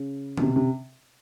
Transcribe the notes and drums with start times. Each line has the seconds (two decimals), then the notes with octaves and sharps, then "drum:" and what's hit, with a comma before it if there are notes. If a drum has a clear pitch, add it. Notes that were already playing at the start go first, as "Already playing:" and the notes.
Already playing: C#3
0.38 B2, drum: tom D3
0.41 C3
0.56 C3